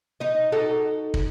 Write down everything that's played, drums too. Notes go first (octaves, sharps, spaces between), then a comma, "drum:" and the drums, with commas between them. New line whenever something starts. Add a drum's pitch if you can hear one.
D#4 D#5
D#4 F#4 A4
drum: kick